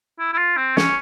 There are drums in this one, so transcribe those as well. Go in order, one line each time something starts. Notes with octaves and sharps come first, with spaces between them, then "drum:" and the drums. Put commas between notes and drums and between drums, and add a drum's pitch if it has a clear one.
E4
E4
F4
C4
C#4, drum: snare